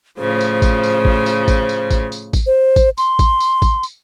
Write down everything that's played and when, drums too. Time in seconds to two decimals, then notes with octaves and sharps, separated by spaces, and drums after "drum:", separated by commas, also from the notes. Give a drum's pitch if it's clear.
0.18 A2 C#3 F3 C5
0.41 drum: tambourine
0.62 drum: kick, tambourine
0.83 drum: tambourine
1.05 drum: kick
1.26 drum: tambourine
1.48 drum: kick, tambourine
1.69 drum: tambourine
1.91 drum: kick, tambourine
2.12 drum: tambourine
2.33 drum: kick, tambourine
2.47 C5
2.76 drum: kick, tambourine
2.98 C6, drum: tambourine
3.19 drum: kick, tambourine
3.40 drum: tambourine
3.62 drum: kick, tambourine
3.83 drum: tambourine